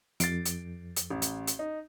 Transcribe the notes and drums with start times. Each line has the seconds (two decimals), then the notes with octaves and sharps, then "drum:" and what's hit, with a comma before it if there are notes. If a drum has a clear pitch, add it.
0.20 F2 A6 C7 D7, drum: hi-hat
0.46 drum: hi-hat
0.97 drum: hi-hat
1.10 A1
1.22 drum: hi-hat
1.47 drum: hi-hat
1.59 D#4